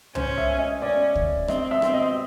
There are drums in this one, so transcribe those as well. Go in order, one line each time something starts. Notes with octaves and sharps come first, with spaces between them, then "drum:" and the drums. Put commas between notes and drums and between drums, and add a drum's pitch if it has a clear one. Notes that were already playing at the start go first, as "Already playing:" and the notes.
C#4 C5, drum: tom C2
E5
D#5
C#4 D5
drum: kick D2
C4 D#5, drum: rim click
E5
C4, drum: rim click
D#5